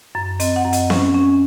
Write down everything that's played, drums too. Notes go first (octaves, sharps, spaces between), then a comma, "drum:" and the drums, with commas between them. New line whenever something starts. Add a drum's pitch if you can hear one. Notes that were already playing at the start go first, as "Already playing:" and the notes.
F#2
C4 D#5, drum: hi-hat
F#5
F#2
D#5, drum: hi-hat
C#4, drum: snare B3
C#4